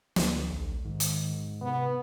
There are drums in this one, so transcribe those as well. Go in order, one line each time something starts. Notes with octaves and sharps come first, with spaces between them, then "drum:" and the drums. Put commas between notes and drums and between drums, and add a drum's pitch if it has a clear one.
D2, drum: snare
A#1
G#2 D#3
drum: hi-hat
C3 B3